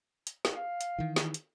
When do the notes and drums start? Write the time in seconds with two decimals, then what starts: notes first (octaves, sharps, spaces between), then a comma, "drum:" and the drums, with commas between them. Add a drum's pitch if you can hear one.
0.27 drum: hi-hat
0.45 drum: snare
0.56 F5
0.81 drum: hi-hat
0.98 D#3 E3
1.16 drum: snare
1.34 drum: hi-hat